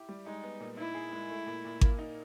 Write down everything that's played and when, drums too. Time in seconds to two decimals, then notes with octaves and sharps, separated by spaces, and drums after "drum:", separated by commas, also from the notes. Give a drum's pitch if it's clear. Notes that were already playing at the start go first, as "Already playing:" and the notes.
Already playing: E4 G4
0.09 G3
0.26 G#3 D#4
0.43 B3
0.60 A#2
0.77 D#4 E4
0.94 G#4
1.12 G#3
1.30 A3
1.46 A#2
1.65 A#2
1.81 A#3, drum: kick G#1
1.99 D#4